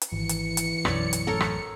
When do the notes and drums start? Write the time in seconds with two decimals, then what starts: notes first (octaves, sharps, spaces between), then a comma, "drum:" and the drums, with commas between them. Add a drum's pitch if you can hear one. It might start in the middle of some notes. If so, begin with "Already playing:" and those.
0.01 drum: hi-hat
0.12 G#1 E3 C#7
0.29 drum: hi-hat
0.57 drum: hi-hat
0.85 B1 F#2 C#5 D5, drum: rim click
1.13 drum: hi-hat
1.27 A1 F#2 A4 A#4 C#5
1.40 drum: rim click